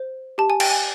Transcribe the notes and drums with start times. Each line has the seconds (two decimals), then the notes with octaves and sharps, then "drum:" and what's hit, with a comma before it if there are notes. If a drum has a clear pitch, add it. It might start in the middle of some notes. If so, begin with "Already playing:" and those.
Already playing: C5
0.38 G4 A5
0.50 G#5
0.60 G5, drum: cymbal
0.71 G#5